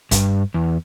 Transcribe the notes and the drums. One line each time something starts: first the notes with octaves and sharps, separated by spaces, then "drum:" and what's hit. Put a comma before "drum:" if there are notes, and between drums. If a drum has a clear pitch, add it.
G2, drum: kick, hi-hat
E2